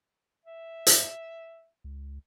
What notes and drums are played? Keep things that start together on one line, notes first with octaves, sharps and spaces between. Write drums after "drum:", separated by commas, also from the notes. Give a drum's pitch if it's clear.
E5
drum: hi-hat
C#2